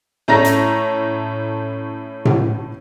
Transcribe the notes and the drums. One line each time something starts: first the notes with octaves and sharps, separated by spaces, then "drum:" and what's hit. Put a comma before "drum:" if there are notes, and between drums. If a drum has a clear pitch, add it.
A2 A3 C#4 A#5 A#6
drum: hi-hat
drum: tom A2